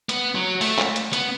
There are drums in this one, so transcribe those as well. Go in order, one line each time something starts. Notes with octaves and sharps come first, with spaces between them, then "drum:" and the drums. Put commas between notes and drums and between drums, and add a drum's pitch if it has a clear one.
B3, drum: hi-hat
F#3
A3, drum: open hi-hat
drum: clap
drum: hi-hat
B3, drum: hi-hat